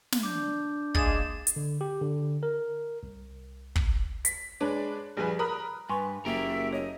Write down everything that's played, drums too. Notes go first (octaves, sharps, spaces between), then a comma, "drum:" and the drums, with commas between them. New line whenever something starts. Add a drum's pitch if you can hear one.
drum: snare
D4 D6 G6
G#3 A#3 G#4 A6 E7, drum: kick
drum: hi-hat
D3
G4
D3
A#4
C2
drum: kick
B6, drum: hi-hat
G#3 D4 B4 C#5 D5
A#1 G3 G#4 B4 G#5
A#4 B5 D#6 F#6
G2 B4 G#5 C6 C#6
F#1 A#3 G4 A#4 E5
C#5 D#5